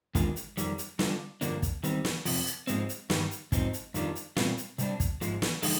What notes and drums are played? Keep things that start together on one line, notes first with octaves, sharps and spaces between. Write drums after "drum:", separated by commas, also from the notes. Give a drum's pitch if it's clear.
D#3 G#3 D4 F4, drum: kick, hi-hat
drum: hi-hat
F2 D#3 G3, drum: hi-hat
drum: hi-hat
D3 G3 D4 F4, drum: snare
G2 D3 F3 A#3 D4, drum: hi-hat
drum: kick, hi-hat
D#3 G3 C4, drum: hi-hat
drum: snare
F2 C3 F3, drum: open hi-hat
drum: hi-hat
G#2 F3 G#3 C4, drum: hi-hat
drum: hi-hat
G2 D#3 G3, drum: snare
drum: hi-hat
G#2 F3 C4 D#4, drum: kick, hi-hat
drum: hi-hat
F2 D#3 G3 D4 F4, drum: hi-hat
drum: hi-hat
A#2 G3 C4 F4, drum: snare
drum: hi-hat
C3 G3 D4, drum: hi-hat
drum: kick, hi-hat
G#2 F3 G#3, drum: hi-hat
drum: snare
D3 F3 G#3 D#4, drum: open hi-hat